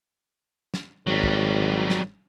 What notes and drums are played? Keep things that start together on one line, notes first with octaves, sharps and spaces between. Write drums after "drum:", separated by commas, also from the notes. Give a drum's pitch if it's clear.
drum: snare
G#1 F#3 G3
drum: kick
drum: snare